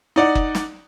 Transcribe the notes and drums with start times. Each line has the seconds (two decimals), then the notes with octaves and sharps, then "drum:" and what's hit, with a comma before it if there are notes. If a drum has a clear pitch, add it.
0.16 D#4 D5 F#5
0.35 drum: kick F#1
0.55 drum: snare